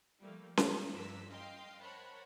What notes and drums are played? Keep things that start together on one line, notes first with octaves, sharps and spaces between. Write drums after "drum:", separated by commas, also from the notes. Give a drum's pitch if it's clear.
F3 G3 A3 A#3
D#3 F#3 B3, drum: snare C#4
G2 F3 D4 A#4 E6 B6
D#5 F5 G5 C6
A#4 C5 C#5 F#5 A5 B5